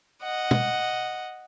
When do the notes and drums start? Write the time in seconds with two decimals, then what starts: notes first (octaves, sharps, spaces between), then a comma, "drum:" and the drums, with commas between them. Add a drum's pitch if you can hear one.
0.23 D#5 F#5
0.51 drum: tom